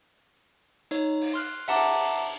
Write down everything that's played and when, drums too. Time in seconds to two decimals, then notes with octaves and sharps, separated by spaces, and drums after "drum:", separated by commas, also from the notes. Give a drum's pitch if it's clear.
0.91 D#4 C#5, drum: cymbal
1.21 drum: open hi-hat
1.34 C6 F6 F#6
1.68 E5 F#5 A5 A#5 D6, drum: cymbal